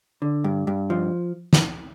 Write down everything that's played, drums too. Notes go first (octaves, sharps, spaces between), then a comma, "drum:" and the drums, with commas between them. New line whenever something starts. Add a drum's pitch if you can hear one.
D3
G2
G2
F3
drum: snare